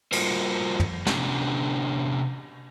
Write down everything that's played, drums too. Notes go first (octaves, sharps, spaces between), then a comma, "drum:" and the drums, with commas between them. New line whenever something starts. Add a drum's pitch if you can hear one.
G3 A#3 F4 F#4 A#4 C5, drum: cymbal
drum: tom
C3 B3 C#4 D4 G4, drum: snare